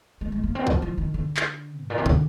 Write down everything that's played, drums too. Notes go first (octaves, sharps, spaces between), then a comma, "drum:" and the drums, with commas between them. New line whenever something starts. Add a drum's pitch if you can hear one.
G#3
G#3
A#3
C4
F3, drum: kick
F3
D#3
D3
drum: clap
G#2
A#2
C3
D3, drum: kick